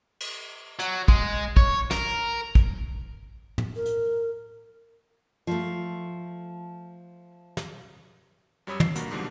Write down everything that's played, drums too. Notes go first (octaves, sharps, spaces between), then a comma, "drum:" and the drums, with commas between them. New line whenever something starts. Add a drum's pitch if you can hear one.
drum: cymbal
F#3, drum: hi-hat
G#3, drum: kick
C#5, drum: kick
A#4, drum: snare
drum: kick
drum: tom
A#4
drum: hi-hat
F3 A3
drum: snare
F#2 G3 C#5 B5 D#6 E6
C7, drum: tom
G2 A#3 F#4, drum: hi-hat
G#2 B2 D3 F3 G3